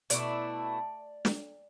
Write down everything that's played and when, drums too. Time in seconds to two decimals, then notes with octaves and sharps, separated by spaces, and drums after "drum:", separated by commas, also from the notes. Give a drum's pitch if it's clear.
0.10 B2 A3 E4 D5, drum: hi-hat
1.25 drum: snare